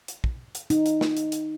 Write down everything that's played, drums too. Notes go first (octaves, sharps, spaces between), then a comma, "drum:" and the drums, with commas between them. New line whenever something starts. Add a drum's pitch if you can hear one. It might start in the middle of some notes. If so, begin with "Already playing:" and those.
drum: hi-hat
drum: kick
drum: hi-hat
D#4, drum: hi-hat
drum: hi-hat
drum: snare
drum: hi-hat
drum: hi-hat